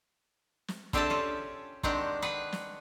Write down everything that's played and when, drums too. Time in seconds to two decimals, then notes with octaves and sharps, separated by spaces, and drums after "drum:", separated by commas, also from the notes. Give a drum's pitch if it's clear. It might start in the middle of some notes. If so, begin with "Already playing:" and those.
0.68 drum: snare
0.93 D3 C4 G4 G#4 E5 A5, drum: kick
1.10 C#4 F4
1.83 D#3 G#3 C4 D4 G4 F#5, drum: kick
2.22 G#4 B4 F#5
2.52 drum: snare